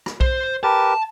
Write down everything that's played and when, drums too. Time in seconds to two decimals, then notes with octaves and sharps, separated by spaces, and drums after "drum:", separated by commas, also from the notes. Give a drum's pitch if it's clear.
0.06 drum: rim click
0.21 C5, drum: kick B1
0.63 G4 A#4 B4 A5